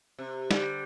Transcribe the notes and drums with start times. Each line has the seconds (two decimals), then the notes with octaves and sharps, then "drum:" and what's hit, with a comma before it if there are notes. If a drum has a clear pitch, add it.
0.19 C3
0.51 D3 G3, drum: snare